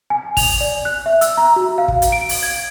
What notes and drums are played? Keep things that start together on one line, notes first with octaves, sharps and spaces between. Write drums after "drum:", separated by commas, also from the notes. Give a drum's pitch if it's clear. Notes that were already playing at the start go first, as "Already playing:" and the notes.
G#5
F7, drum: kick, open hi-hat
D5
F#6
E5
E6, drum: hi-hat
A#5
F#4
F5
drum: kick
drum: hi-hat
D7
drum: open hi-hat
G#6